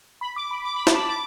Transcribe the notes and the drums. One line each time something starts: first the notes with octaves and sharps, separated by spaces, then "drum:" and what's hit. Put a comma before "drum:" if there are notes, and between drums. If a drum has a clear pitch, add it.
B5
D6
B5
D6
B5
A5, drum: snare
B5
D6